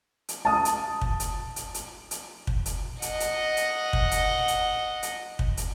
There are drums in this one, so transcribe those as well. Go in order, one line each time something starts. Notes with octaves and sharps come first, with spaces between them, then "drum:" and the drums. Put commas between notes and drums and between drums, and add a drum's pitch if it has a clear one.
drum: hi-hat
A5 D#6
drum: hi-hat
drum: kick
drum: hi-hat
drum: hi-hat
drum: hi-hat
drum: hi-hat
drum: kick
drum: hi-hat
D#5 F#5, drum: hi-hat
drum: hi-hat
drum: hi-hat
drum: kick
drum: hi-hat
drum: hi-hat
drum: hi-hat
drum: kick
drum: hi-hat